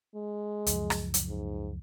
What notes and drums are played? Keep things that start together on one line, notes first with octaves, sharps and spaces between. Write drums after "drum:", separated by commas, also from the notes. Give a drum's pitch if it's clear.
G#3
C#2 F#2 F3, drum: hi-hat
drum: rim click
drum: hi-hat
G#2